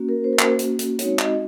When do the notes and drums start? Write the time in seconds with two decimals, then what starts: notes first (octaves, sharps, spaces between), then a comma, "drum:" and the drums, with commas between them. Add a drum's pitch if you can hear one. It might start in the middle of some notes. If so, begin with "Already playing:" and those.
Already playing: A#3 C#4 F#4
0.09 A#4
0.24 C5
0.33 A#4
0.39 A#3 C#4 F#4 C5, drum: clap
0.59 drum: hi-hat
0.79 drum: hi-hat
0.99 G#3 C4 D#4 F#4 C#5, drum: hi-hat
1.19 D#5, drum: clap